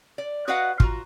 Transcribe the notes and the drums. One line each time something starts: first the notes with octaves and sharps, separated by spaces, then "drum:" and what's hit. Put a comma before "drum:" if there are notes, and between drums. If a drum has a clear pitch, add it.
D5
F#4 B4 D5 D#5 F5 F#5
F4 F#4 A#5, drum: kick